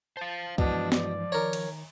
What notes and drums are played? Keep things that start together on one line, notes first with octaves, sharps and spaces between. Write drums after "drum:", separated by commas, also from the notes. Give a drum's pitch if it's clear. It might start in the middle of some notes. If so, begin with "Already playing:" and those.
C5 F5 A5 A6
G2 B2 E3 F3 G#3 D4, drum: kick C#2
D5, drum: snare
D#3 A#4 C#5 A#5
drum: cymbal